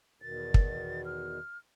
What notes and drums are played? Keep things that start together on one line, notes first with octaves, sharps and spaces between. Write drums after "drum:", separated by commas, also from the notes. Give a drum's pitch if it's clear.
E2 B2 D#3 A6
drum: kick
F6